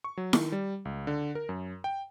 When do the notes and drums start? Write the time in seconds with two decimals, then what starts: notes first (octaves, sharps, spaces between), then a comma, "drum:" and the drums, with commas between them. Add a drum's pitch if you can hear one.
0.04 C#6
0.17 F#3
0.33 D#3, drum: snare E4
0.52 G3
0.85 C#2
1.07 D3
1.35 A#4
1.49 F#2
1.84 G5